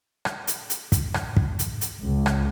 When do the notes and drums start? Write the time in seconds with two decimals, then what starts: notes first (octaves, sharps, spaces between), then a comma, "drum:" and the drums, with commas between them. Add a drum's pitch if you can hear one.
0.25 drum: rim click
0.47 drum: hi-hat
0.70 drum: hi-hat
0.92 drum: kick, hi-hat
1.14 drum: rim click
1.37 drum: kick
1.59 drum: hi-hat
1.81 drum: hi-hat
2.03 C#2
2.26 drum: rim click